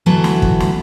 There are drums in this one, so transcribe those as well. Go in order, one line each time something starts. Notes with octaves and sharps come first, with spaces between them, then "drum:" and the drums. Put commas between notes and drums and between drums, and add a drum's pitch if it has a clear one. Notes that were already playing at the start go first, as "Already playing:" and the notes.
D2 E3 F#3 B3 A5
drum: snare
drum: kick
drum: snare